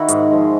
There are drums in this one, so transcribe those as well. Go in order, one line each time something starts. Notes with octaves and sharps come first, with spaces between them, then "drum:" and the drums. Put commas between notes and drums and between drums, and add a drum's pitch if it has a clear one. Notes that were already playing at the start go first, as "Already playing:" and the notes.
Already playing: D#3 E4 F#4
G#2, drum: hi-hat
F3 G#3